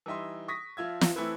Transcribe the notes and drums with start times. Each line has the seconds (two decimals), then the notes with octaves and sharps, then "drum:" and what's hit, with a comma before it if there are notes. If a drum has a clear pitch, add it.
0.06 E3 G3 D#4 E5 C6
0.48 C#6 D#6 A#6 B6
0.77 F3 F4 E5 G#6
1.01 drum: snare
1.16 E3 A3 C4 E4 B4